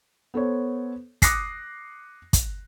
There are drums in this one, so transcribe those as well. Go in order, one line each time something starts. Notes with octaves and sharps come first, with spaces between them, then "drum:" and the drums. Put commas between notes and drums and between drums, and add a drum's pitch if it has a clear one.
B3 A4 C5 C#5
D6 D#6 F#6 A#6 C7 C#7, drum: kick, hi-hat
drum: kick, hi-hat